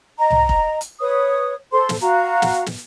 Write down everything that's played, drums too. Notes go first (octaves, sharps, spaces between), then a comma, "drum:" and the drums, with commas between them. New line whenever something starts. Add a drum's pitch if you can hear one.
D#5 A#5
drum: tom C2
drum: kick
drum: hi-hat
B4 C#5 D#6
A4 C5 C6
drum: snare
F#4 F5 A#5
drum: snare
drum: snare